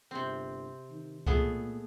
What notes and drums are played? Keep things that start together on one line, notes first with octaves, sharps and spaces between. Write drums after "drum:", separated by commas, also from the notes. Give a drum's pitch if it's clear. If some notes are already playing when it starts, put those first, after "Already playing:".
G1 C3 C4
D#3
A#2 A3 B3 G#4, drum: kick C#2